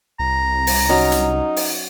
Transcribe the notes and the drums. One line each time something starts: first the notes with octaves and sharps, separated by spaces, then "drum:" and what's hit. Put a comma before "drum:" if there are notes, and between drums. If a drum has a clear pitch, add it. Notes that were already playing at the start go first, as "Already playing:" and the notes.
C2 A#5
drum: open hi-hat
F#3 C#4 D#4
drum: hi-hat
drum: open hi-hat